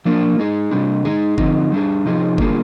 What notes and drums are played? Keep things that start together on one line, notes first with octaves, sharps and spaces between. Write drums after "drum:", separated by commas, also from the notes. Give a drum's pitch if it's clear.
F3 A#3 D4 F4
G#3 D#4 G#4
C3 G3 D4
G#3 D#4 G#4, drum: tom D3
D3 F3 C4 D#4, drum: kick F#1
G3 D4 G#4
C3 F3 D#4 G#4
D3 G3 A#3 F4 G#4, drum: kick F#1